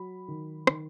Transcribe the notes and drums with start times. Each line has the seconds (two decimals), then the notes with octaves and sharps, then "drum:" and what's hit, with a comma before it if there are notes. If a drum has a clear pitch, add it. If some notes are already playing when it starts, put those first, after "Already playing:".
Already playing: F#3 B5
0.28 D#3
0.67 D#3, drum: rim click